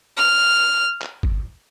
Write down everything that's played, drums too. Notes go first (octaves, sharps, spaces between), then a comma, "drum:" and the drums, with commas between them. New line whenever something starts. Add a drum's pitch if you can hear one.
F6
drum: clap
drum: kick